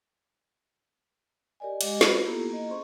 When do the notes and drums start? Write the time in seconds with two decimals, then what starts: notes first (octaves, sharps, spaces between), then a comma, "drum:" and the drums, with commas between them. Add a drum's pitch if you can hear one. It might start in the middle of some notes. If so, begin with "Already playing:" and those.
1.60 G4 A#4 D5 D#5 G#5
1.81 G#3 G4 D#5 F#5 D6, drum: cymbal
2.01 F4 F#4 B4 B5, drum: snare
2.26 A#3 B3 E4 F4 G4 A4
2.49 A#3 D#5
2.69 C#4 G#4 C5 C6 C#6